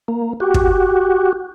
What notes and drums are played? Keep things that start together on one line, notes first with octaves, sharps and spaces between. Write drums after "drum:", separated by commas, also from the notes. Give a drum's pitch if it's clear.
A#3
F#4 G4
drum: kick